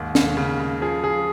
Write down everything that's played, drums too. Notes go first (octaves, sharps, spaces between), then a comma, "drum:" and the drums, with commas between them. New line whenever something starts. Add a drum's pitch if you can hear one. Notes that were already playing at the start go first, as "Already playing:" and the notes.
Already playing: D#2 G#2
D#2, drum: snare
C#3
C#3
F3 G#4
F3 G#4